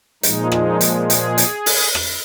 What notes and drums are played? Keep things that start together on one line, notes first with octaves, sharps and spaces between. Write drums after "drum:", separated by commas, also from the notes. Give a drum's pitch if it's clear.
A#2 F3 G#3 D#4, drum: hi-hat
D#4, drum: rim click
drum: hi-hat
G#4, drum: hi-hat
drum: hi-hat
drum: open hi-hat
drum: rim click